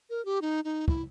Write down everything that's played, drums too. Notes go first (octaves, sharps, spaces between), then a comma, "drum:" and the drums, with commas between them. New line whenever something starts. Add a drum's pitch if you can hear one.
A#4
G4
D#4
D#4
E4, drum: kick